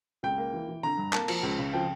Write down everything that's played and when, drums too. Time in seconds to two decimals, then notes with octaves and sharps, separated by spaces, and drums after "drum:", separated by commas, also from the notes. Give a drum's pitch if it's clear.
0.23 C#2 G5
0.38 A#3
0.53 E3
0.68 E3
0.83 D3 A#5
0.98 G2
1.13 A#3 A5, drum: clap
1.28 F3, drum: cymbal
1.43 C#2
1.59 C#3
1.73 F3 G5